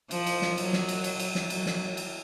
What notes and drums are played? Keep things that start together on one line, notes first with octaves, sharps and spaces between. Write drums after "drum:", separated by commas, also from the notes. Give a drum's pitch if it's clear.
F3, drum: cymbal
drum: cymbal
drum: snare
F#3, drum: cymbal
drum: snare
drum: cymbal
drum: cymbal
drum: cymbal
drum: snare
F#3, drum: cymbal
drum: snare
drum: cymbal